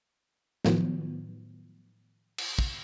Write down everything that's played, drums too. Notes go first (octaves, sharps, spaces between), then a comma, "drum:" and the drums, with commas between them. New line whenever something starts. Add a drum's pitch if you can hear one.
A2 D#3 F3 F#3 B3, drum: snare
drum: cymbal
drum: kick